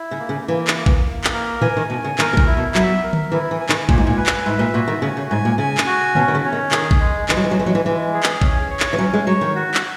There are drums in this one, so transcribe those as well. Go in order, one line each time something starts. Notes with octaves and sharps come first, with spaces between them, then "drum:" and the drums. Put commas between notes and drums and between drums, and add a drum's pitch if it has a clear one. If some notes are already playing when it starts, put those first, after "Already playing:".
Already playing: E4
C#3
A#3
C#3
E3 A#3
drum: clap
A#3
drum: kick A1
A#3
drum: clap
A#4
E3 G#5, drum: tom A2
D#3
B2 G#5
C#3
D#3 A#4, drum: clap
B2
A#2, drum: kick A1
E4
B2
F#3 E5, drum: clap
A#4
drum: tom D3
E3 E4
E3
G#5
D#3, drum: clap
A#2 G#5, drum: kick A1
G#2
A#2
B4
drum: clap
G#2 E5
A#2
A#2 F#4
D#3
C#3 G#5
C#3
G#2 G#5
A#2
C#3 G#5
drum: clap
F#4
B2 C#4, drum: tom D3
D#3
C#3
C#4
D#3
D#3 G#4, drum: clap
drum: kick A1
G#3
E3 G#3, drum: clap
F#3
E3
F#3
E3 G#3
F#3, drum: tom E3
E3
E3 G#3
G#4
drum: clap
C#4, drum: kick A1
C#5
drum: clap
E3
F#3 C#4
G#3
F#3 C#5
D#3
F#4
drum: clap